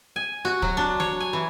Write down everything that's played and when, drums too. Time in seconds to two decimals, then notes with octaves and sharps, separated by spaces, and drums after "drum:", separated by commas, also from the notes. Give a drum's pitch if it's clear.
0.16 G#5
0.45 F#4
0.62 F#3, drum: kick
0.77 D4
1.00 C#5, drum: snare
1.20 G#5
1.33 E3